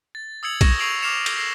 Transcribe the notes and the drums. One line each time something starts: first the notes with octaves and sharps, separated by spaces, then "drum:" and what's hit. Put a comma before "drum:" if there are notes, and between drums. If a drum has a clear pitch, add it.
A6
D#6 E6 G#6 C#7 F#7
C#6 G#6 A#6 E7, drum: kick B1, cymbal
C#6 D#6 C7 D7 F7 F#7
D6 F6 C7 C#7 E7 F7
drum: cymbal
A#6 C7